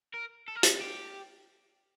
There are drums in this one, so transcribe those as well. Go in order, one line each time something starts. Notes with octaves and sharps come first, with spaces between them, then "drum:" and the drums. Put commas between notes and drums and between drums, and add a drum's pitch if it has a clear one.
A#4
A4
A#4
A4, drum: hi-hat
G4